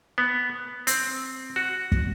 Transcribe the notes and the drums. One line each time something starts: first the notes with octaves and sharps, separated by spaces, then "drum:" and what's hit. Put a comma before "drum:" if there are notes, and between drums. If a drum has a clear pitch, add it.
B3
C4, drum: hi-hat
F#4
drum: kick